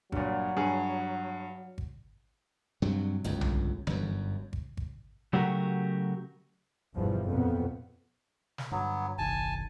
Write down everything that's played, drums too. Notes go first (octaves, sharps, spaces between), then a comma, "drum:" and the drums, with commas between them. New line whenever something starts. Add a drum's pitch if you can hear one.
G2 A#2 F#3, drum: kick G#1
G2 G#4
drum: kick G#1
G2 C3 F#3
G1 C#2 F#2, drum: hi-hat
drum: tom B1
G1 F#2, drum: tom E3
drum: kick G#1
drum: kick G#1
C#3 F#3 A3 F#4 G4 A#4
G1 E2 B2 E3 F3 G3
F2 A#2 B3
drum: snare
G2 D3 F#3 B3
F#1 B1 D#3 G#5 A5